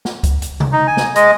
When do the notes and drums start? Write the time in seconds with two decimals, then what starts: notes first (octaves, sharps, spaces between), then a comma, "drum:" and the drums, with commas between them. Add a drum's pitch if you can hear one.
0.05 drum: snare
0.23 drum: kick C#2, hi-hat
0.42 drum: hi-hat
0.60 drum: tom C3
0.73 D#4
0.88 G#5
0.97 drum: snare
1.15 G#3 D#5, drum: hi-hat